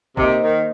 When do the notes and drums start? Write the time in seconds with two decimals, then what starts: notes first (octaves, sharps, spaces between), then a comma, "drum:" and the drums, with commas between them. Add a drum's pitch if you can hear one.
0.17 C3 A#3 D#4 C5 D#5, drum: kick
0.43 D#3